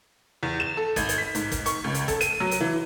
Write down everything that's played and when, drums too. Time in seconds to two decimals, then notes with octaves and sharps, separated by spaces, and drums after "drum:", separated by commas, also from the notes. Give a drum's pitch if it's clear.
0.43 E2
0.60 E7
0.77 A4
0.96 G#1, drum: kick, hi-hat
1.09 drum: hi-hat
1.18 B6
1.35 G#2, drum: hi-hat
1.52 drum: kick, hi-hat
1.66 C#6, drum: hi-hat
1.84 C#2
1.94 drum: hi-hat
2.08 A4, drum: kick, hi-hat
2.21 D#7, drum: hi-hat
2.40 F#3
2.51 drum: hi-hat
2.61 E3